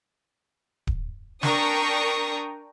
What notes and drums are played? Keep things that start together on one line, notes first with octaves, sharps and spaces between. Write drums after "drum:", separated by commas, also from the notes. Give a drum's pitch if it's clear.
drum: kick D1
D4 A#4 G5 A#5 C#6 D#6, drum: snare